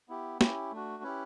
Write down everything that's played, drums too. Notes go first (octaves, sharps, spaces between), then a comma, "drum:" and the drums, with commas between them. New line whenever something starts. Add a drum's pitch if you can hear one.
B3 E4 G4
C#4 E4 G4, drum: snare
A3 D4 F#4
C#4 E4 G4 B4